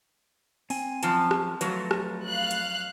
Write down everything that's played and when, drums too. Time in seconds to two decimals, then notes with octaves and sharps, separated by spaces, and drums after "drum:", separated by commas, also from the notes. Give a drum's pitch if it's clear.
0.70 C4 G#5, drum: open hi-hat
1.03 F#2 F3 A5, drum: hi-hat
1.31 drum: rim click
1.61 F2 F#3 A3 B4, drum: hi-hat
1.91 drum: rim click
2.29 F5 F#6
2.51 drum: hi-hat